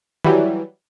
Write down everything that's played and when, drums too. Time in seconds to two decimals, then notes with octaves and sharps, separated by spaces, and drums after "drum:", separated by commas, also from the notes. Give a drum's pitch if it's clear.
0.24 E3 F#3 G3, drum: tom D#3